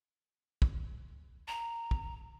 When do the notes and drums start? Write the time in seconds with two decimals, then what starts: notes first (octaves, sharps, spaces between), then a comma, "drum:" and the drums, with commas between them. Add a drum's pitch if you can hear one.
0.62 drum: kick
1.48 A#5
1.91 drum: kick